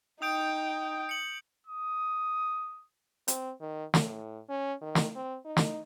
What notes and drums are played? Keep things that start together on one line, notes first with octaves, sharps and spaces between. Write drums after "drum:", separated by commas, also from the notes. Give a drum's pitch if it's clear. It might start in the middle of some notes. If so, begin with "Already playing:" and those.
D#4 G5 D#6 G6 D7
C#7 F#7
D#6
C4, drum: hi-hat
D#3
A2, drum: snare
C#4
D#3
drum: snare
C4
D#4
drum: snare